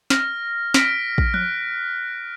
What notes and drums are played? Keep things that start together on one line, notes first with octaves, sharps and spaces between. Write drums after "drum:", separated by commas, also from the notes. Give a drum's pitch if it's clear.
F6 A#6, drum: snare
F6 A#6 B6 D7, drum: snare
drum: kick
F#6, drum: tom F3